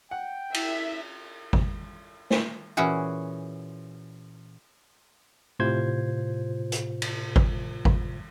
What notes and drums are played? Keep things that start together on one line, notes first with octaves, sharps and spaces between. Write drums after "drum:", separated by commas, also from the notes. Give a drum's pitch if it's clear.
F#5 G5
E4 E5, drum: cymbal
drum: kick G#1
drum: snare
A#2 E3 C#4 F#4 G#4
A2 C3 F4 C5 C6 G#6
drum: hi-hat
drum: cymbal
drum: kick G#1
drum: kick G#1